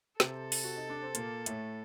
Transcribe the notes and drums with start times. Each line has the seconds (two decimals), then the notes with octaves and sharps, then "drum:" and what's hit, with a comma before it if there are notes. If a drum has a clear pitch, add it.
0.20 C3 C4 A4, drum: snare
0.52 drum: open hi-hat
0.64 F#4
0.76 D#4
0.90 D4
1.02 C4
1.15 A#2 A#3, drum: hi-hat
1.46 A2 A3, drum: hi-hat